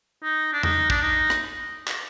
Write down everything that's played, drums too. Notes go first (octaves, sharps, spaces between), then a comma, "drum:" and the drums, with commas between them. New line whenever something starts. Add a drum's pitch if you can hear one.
D#4
D4
D#4, drum: tom E2
D4, drum: kick
D#4
drum: rim click
drum: clap